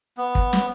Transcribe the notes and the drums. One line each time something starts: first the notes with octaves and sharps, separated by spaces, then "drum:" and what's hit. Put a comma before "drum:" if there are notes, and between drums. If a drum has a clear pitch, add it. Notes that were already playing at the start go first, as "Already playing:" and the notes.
B3
drum: kick
drum: snare